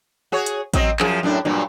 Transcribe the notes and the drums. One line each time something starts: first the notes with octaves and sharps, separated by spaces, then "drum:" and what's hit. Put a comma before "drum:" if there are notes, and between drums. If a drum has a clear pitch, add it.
F#4 G#4 C#5
drum: hi-hat
F#3 C4 D#5, drum: kick A1, hi-hat
F#2 F3 G#4, drum: clap
F#2 A2 D4
G2 A#2 F#3